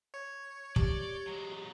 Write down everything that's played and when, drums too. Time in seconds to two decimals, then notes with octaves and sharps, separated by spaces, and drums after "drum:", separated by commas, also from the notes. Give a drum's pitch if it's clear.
0.14 C#5
0.76 G4 D5, drum: kick
1.27 F#3 G#3